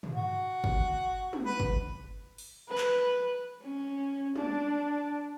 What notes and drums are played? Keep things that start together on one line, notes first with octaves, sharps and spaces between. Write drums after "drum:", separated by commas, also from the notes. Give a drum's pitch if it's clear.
drum: tom
F#4
drum: kick
drum: tom
B4
drum: kick
drum: open hi-hat
B4
drum: clap
C#4
D4, drum: tom